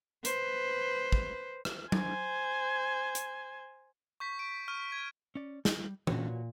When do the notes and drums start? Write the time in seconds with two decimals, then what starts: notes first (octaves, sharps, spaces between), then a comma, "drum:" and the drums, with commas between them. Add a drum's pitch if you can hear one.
0.25 B4 C5, drum: hi-hat
1.12 drum: kick
1.65 drum: rim click
1.92 C5 G#5, drum: tom F#3
3.15 drum: hi-hat
4.20 C#6 G6 B6
4.39 D7
4.68 C#6 F6 D#7
4.92 G#6
5.35 C#4 D5
5.65 G3, drum: snare
6.07 A#2 F#4 B4 C#5, drum: tom E3